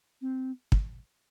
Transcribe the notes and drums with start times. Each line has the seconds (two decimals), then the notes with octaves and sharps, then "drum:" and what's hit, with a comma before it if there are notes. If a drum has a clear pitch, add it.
0.21 C4
0.72 drum: kick